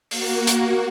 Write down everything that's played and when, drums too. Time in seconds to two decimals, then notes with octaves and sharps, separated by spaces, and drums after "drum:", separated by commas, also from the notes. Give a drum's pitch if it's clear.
0.11 A#3 F#4, drum: open hi-hat
0.47 drum: hi-hat